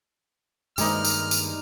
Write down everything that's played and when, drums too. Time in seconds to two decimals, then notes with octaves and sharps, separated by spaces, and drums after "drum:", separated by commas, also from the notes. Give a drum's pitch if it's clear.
0.78 G2 D#3 G3 G#3 A#3 D#4 F6, drum: tambourine
1.05 drum: tambourine
1.31 drum: tambourine